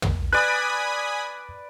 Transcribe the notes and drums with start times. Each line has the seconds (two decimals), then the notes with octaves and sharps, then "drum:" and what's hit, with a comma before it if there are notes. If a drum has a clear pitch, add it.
0.02 drum: tom
0.33 B4 D5 G#5 B5 D#6 F#6